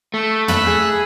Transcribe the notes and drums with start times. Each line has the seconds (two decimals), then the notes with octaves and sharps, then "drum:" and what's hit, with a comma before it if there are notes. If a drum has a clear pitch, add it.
0.14 A3 E5
0.48 B5 E6 F#6, drum: tom
0.67 G#4